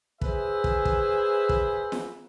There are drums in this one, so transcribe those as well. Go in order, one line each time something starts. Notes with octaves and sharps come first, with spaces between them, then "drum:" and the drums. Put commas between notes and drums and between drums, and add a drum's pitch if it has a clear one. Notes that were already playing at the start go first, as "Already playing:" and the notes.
G#4 B4 C5 E5, drum: kick
drum: kick
drum: kick
drum: kick
drum: snare